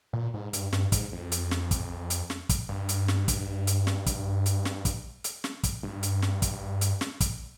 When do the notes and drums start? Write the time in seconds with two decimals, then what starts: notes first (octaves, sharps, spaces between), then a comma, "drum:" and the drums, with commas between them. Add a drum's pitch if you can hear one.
0.13 A#2
0.34 G#2
0.53 G2, drum: hi-hat
0.72 G2, drum: snare
0.92 G#2, drum: kick, hi-hat
1.12 F2
1.32 drum: hi-hat
1.51 drum: snare
1.71 drum: kick, hi-hat
2.10 drum: hi-hat
2.30 drum: snare
2.49 drum: kick, hi-hat
2.69 G2
2.89 drum: hi-hat
3.08 drum: snare
3.28 drum: kick, hi-hat
3.67 drum: hi-hat
3.87 drum: snare
4.06 drum: kick, hi-hat
4.46 drum: hi-hat
4.65 drum: snare
4.85 drum: kick, hi-hat
5.24 drum: hi-hat
5.44 drum: snare
5.63 drum: kick, hi-hat
5.83 G2
6.03 drum: hi-hat
6.22 drum: snare
6.42 drum: kick, hi-hat
6.81 drum: hi-hat
7.01 drum: snare
7.20 drum: kick, hi-hat